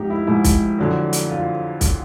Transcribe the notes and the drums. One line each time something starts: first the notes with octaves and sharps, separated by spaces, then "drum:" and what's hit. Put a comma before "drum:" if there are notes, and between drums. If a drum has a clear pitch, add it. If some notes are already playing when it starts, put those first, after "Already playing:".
Already playing: G#2 F3 D#4 G4
E4
G#2 F3 E4
drum: kick B1, hi-hat
F2 D3 F#3
drum: hi-hat
F4
drum: kick B1, hi-hat